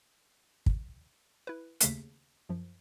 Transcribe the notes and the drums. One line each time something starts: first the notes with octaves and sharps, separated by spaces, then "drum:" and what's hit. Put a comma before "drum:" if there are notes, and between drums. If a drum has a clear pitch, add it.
drum: kick
E4 B4
D#2 C#3 A3 B6 C7, drum: hi-hat
F#2 F3